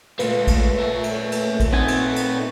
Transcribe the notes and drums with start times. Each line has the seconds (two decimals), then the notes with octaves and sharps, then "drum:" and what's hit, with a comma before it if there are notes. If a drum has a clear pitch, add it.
0.19 A#2 G#3 A3 F4 B4, drum: cymbal
0.47 drum: kick, cymbal
0.79 A#4 E5
1.04 drum: cymbal
1.32 drum: cymbal
1.60 drum: kick, cymbal
1.73 B3 C4 D#4 G#5
1.88 drum: cymbal
2.16 drum: cymbal